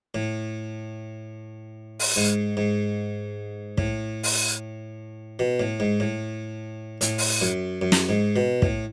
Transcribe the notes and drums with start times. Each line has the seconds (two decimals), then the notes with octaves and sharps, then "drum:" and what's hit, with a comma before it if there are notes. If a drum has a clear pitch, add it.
0.15 A2
1.99 drum: open hi-hat
2.16 G#2
2.57 G#2
3.78 A2, drum: kick
4.23 drum: open hi-hat
5.39 B2
5.60 A2
5.80 G#2
6.00 A2
7.01 A2, drum: hi-hat
7.18 drum: open hi-hat
7.41 F#2
7.81 F#2
7.92 drum: snare
8.09 G#2
8.36 B2
8.62 A2, drum: kick